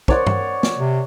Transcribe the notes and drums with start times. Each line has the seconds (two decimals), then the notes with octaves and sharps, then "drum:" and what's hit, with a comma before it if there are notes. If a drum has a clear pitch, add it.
0.08 C#5 D5 F#5, drum: kick
0.27 drum: tom G2
0.63 drum: snare
0.78 C3